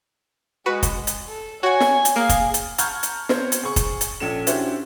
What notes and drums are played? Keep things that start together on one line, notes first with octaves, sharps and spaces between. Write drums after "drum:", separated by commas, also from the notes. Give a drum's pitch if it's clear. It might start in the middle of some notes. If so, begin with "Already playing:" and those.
G#3 F#4 B4
drum: kick, hi-hat
drum: hi-hat
A4
F#4 C#5 F#5 G#5
drum: snare
drum: hi-hat
A#3 G#4 F5
drum: kick, hi-hat
drum: hi-hat
A5 A#5 C#6 F6 G6 G#6, drum: hi-hat
drum: hi-hat
B3 C4 C5 C#5, drum: snare
drum: hi-hat
G#4 C#6
drum: kick, hi-hat
drum: hi-hat
A#1 C#4 A4 E7
C#4 D4 E4 F#4 G4 C5, drum: hi-hat